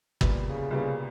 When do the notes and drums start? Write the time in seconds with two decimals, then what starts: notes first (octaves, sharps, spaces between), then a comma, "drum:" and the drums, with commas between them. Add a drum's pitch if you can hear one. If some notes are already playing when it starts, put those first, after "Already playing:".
0.21 C2 A#2 G3 B3, drum: kick
0.46 C#3
0.71 C2 A#2 C#3 G3 B3